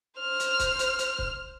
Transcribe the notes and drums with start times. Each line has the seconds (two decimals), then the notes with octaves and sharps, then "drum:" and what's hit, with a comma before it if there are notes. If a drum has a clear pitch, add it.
0.20 C5 F6
0.40 drum: hi-hat
0.59 drum: kick C#1, hi-hat
0.79 drum: hi-hat
0.99 drum: hi-hat
1.19 drum: kick C#1